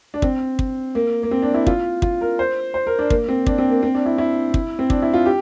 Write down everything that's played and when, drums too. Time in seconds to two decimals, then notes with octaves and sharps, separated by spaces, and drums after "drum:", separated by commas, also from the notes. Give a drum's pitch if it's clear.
0.14 D4
0.22 C4, drum: kick
0.59 drum: kick
0.95 A#3
1.23 A#3
1.31 C4
1.42 D4
1.54 E4
1.67 F4, drum: kick
2.02 F4, drum: kick
2.21 A#4
2.39 C5
2.74 C5
2.87 A#4
2.99 D4
3.10 A#3, drum: kick
3.28 C4
3.47 D4, drum: kick
3.58 C4
3.70 A#3
3.83 C4
3.95 D4
4.06 E4
4.18 E4
4.54 drum: kick
4.79 C4
4.90 D4, drum: kick
5.02 E4
5.14 F4
5.26 G4